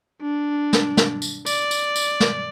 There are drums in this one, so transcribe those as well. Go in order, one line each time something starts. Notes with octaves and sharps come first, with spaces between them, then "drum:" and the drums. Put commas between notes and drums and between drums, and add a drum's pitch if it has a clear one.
D4
drum: snare
drum: snare
drum: tambourine
D5, drum: tambourine
drum: tambourine
drum: tambourine
drum: snare